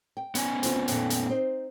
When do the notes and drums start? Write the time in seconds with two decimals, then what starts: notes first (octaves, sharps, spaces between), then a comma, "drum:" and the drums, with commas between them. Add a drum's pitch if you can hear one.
0.17 G5
0.35 B3 C#4 G#5, drum: hi-hat
0.63 D2 C4 F4, drum: hi-hat
0.88 F2 A#2 D#3, drum: hi-hat
1.10 drum: hi-hat
1.29 C4 D#4 C5